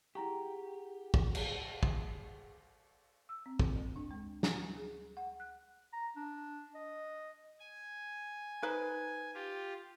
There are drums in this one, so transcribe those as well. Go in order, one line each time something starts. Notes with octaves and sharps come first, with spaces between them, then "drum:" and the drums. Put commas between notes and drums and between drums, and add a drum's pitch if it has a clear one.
E4 G4 G#4 F#5 A#5 C#6
drum: kick
drum: cymbal
drum: kick
E6
C4
A4, drum: kick
D2
D4
G#3
G#5, drum: snare
G#4
F#5
F#6
A#5
D4
D#5
G#5
D#4 B4 C5
F4 G4